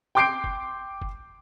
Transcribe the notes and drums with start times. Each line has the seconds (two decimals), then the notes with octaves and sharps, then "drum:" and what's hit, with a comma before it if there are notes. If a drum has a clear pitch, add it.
0.15 G5 C6 D6 G6 C7 D7
0.44 drum: kick F#1
1.02 drum: kick F#1